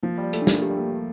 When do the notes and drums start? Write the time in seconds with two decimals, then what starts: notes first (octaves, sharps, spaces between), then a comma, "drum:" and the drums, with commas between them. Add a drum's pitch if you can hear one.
0.03 F3 A#3
0.18 G3
0.23 D5
0.33 A3, drum: hi-hat
0.42 D4
0.47 A#3, drum: snare
0.62 A3 G4
0.70 G3
0.77 A3 A#3
0.92 G3